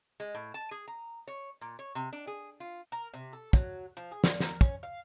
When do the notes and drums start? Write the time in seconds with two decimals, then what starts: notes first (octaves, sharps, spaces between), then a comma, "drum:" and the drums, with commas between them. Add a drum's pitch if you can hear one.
0.20 G#3
0.35 A2
0.54 A5
0.71 G#4
0.88 A#5
1.28 C#5
1.61 A#2
1.79 C#5
1.95 C3
2.13 D4
2.27 G#4
2.60 F4
2.92 A#4
3.14 C3
3.33 A4
3.53 F#3, drum: kick
3.97 F3
4.11 G#4
4.24 A#2, drum: snare
4.40 A#4, drum: snare
4.61 C#4, drum: kick
4.83 F5